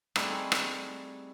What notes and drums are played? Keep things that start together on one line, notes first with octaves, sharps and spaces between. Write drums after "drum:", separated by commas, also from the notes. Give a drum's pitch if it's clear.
G3 A3 C4 D#4 E4 G#4, drum: rim click
drum: rim click